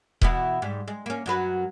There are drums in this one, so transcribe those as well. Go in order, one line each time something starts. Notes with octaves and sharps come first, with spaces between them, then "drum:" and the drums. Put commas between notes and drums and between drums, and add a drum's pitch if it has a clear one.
B2 E3 B3, drum: kick D#1
G#2 G3
G#3
A#3 C#4
F#2 F#3 B4